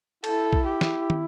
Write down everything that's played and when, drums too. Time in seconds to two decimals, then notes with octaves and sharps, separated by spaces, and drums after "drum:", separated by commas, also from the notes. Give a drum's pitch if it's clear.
0.24 E4 A4, drum: cymbal
0.53 drum: kick A#1
0.67 G4
0.81 drum: snare
1.10 drum: tom